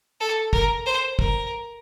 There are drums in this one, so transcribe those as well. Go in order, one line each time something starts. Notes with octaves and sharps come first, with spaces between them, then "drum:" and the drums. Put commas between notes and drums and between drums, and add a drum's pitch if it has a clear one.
A4
A#4, drum: kick
C5
A#4, drum: kick